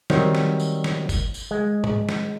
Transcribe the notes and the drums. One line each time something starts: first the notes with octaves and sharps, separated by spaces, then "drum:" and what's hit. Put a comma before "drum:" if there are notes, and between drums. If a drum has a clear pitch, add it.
D#3 F#3 G3 C4, drum: snare
drum: snare
drum: tambourine
drum: snare
drum: kick G1, tambourine
drum: tambourine
G#3
drum: tom G#2
drum: snare